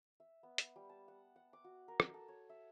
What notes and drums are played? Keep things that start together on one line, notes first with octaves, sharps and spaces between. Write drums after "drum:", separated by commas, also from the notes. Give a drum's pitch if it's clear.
E5
B3
drum: hi-hat
G3
A5
F#5
F#5
D6
F#4
A#4
drum: rim click
A4
C#5
E5